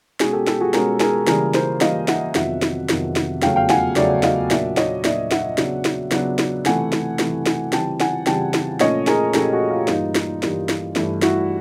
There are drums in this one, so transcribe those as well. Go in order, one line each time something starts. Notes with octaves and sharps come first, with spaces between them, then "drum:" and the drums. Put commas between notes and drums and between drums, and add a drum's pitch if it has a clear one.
B2 G#3 C#4 F#4 G#4, drum: snare
G4 A4
G4 A4, drum: snare
F#4 G#4
B2 G#3 C#4 G#4 A#4, drum: snare
G#4 A#4, drum: snare
C#3 E3 G3 A#3 G#4 A#4, drum: snare
A#4 C5, drum: snare
C#3 E3 G3 A#3 D#5 F5, drum: snare
E5 F#5, drum: snare
F2 C3 D#3 F#3 B3 E5 F#5, drum: snare
drum: snare
F2 C3 D#3 F#3 B3, drum: snare
drum: snare
E2 C#3 F#3 A3 C#4 F5 G5, drum: snare
F5 G5
F#5 G#5, drum: snare
E2 C#3 F#3 A3 C#4 D5 E5, drum: snare
D#5 F5, drum: snare
A#2 F#3 A#3 D4 D5 E5, drum: snare
C#5 D#5, drum: snare
A#2 F#3 A#3 D4 D5 E5, drum: snare
E5 F#5, drum: snare
C#3 F#3 B3 D4, drum: snare
drum: snare
C#3 F#3 B3 D4, drum: snare
drum: snare
C3 E3 A3 F#5 G#5, drum: snare
drum: snare
C3 E3 A3, drum: snare
drum: snare
C#3 E3 G3 C4 G5 A5, drum: snare
F#5 G#5, drum: snare
C#3 E3 G3 C4 G5 A5, drum: snare
drum: snare
A#2 F3 A3 C#4 C#5 D#5, drum: snare
G#4 A#4, drum: snare
A#2 F3 A3 C#4 G4 A4, drum: snare
F#4 G#4
F4 G4
G2 E3 G3 A#3 D#4 F4, drum: snare
drum: snare
G2 E3 G3 A#3, drum: snare
drum: snare
G2 E3 A3 E4, drum: snare
E4 F#4, drum: snare